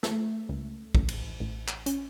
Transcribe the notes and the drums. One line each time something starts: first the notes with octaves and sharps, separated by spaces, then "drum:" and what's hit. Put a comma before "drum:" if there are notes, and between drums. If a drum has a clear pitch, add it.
A3, drum: snare
C#2
A1, drum: kick
drum: cymbal
A1
drum: clap
C#4, drum: hi-hat